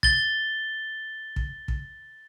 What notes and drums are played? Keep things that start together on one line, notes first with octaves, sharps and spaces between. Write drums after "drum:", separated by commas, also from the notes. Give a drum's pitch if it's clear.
A6 G7, drum: kick
drum: kick
drum: kick